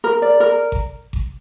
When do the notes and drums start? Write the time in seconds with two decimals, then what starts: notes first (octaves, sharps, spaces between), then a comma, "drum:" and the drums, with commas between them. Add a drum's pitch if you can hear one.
0.04 A#4
0.22 D5
0.40 A#4
0.72 drum: kick G#1
1.13 drum: kick G#1